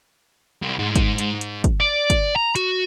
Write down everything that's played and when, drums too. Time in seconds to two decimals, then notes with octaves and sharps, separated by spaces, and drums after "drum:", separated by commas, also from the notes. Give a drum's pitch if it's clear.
0.63 C2
0.79 G#2
0.96 drum: kick, hi-hat
1.18 drum: hi-hat
1.41 drum: hi-hat
1.64 drum: kick, hi-hat
1.80 D5
2.10 drum: kick, hi-hat
2.36 A#5
2.56 F#4, drum: hi-hat